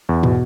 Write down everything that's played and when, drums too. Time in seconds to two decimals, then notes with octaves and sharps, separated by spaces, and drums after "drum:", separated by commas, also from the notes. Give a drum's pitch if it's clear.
0.09 E2
0.23 B2, drum: tom